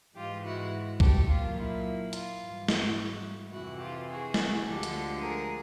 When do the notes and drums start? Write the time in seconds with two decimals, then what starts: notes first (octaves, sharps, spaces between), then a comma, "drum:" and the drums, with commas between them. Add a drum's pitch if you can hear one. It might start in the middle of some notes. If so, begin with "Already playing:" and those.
0.16 G#2 E3 G#3 F4 G4
0.44 E4 F#4
1.00 G4 A4, drum: kick C2
1.28 A#2 F#3 A#3 F4
1.57 E4
2.13 F4, drum: hi-hat
2.41 G#2 E3 G3
2.68 E4 F#4, drum: snare
3.52 F2 C3 E3 E4 F#4
3.81 F4 G4
4.09 F#4 G#4
4.34 drum: snare
4.65 D2 D3 F3 G#3 G4 A4
4.83 drum: hi-hat
5.21 G#4 A#4